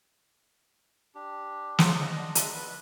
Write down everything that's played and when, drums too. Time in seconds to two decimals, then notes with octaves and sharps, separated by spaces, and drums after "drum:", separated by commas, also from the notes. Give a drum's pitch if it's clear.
1.15 D4 G4
1.79 F#3 F4 G#4 C5, drum: snare
2.01 D#5 F#5
2.16 D4 D5 D#5
2.35 G#3 D4 E5 F#5, drum: hi-hat
2.54 B4